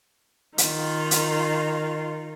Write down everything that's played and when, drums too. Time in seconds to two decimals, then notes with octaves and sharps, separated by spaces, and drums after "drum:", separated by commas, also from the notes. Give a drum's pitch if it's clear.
0.58 D#3 F4, drum: hi-hat
1.11 drum: hi-hat